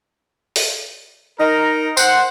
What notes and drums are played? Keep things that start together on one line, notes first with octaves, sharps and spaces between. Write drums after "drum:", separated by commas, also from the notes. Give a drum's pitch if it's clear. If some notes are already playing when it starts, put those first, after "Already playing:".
drum: open hi-hat
D#4 A#4
C5 F#5, drum: tambourine